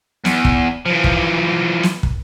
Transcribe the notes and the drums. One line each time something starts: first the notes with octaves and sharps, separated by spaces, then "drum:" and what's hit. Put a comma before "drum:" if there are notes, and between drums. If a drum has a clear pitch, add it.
E2, drum: snare
drum: kick
E3 F3
drum: kick
drum: snare
drum: kick